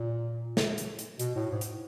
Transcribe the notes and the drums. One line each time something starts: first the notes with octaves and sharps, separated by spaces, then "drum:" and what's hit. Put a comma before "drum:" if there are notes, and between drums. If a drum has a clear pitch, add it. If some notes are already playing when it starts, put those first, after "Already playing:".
Already playing: A#2
drum: snare
drum: hi-hat
drum: hi-hat
B2, drum: hi-hat
A2
G#2
drum: hi-hat